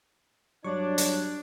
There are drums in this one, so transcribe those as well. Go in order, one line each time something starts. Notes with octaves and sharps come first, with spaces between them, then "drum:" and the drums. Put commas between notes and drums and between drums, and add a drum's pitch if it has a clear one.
G2 F#3 D4 C#5 C#6
drum: hi-hat